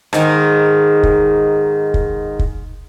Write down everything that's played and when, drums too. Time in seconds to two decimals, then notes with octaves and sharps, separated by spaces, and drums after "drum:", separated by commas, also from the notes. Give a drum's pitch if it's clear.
0.13 G#2 D#3, drum: rim click
1.03 drum: kick
1.94 drum: kick
2.39 drum: kick